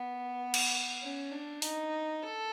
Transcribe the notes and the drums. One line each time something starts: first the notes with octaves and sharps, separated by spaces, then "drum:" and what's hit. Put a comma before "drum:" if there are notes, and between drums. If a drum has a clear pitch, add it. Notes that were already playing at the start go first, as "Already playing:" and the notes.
Already playing: B3
drum: cymbal
C#4
D4
D#4, drum: open hi-hat
A4